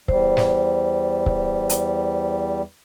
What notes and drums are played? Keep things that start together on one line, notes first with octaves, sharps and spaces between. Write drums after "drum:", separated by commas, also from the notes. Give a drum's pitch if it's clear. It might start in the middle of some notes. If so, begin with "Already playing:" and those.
E2 G3 C5, drum: kick C#1
drum: snare
drum: kick C#1
drum: hi-hat